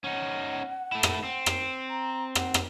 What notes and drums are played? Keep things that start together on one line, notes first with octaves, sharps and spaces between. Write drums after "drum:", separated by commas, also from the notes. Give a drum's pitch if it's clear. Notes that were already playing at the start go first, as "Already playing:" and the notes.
C#4 D#4 F#5
A3 E4
drum: rim click
C4
drum: rim click
A#5
F#5, drum: rim click
drum: rim click